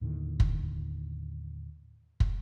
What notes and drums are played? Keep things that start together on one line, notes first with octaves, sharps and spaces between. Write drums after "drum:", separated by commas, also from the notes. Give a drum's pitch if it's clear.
D#2 A2 D3 D#3
drum: kick
drum: kick